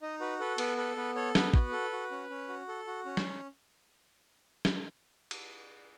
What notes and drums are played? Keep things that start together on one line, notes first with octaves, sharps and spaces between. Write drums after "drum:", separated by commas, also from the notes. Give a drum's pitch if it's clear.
D#4 D#5
F#4 B4
A4 B4
B3 B4, drum: cymbal
A4 B4
B3 B4
A4 C#5
B3 B4, drum: snare
F#4, drum: kick
A4
F#4
C#4
C#4
F#4
A4
F#4
C#4
drum: snare
drum: snare
drum: cymbal